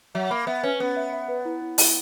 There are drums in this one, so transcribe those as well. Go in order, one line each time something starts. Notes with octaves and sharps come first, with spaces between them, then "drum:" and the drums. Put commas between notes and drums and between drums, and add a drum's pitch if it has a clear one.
F#3 E5
A#3 B5
B3 E5
C#4 B4
B3 B4
E5
E5
B4
E4
E4
E4, drum: open hi-hat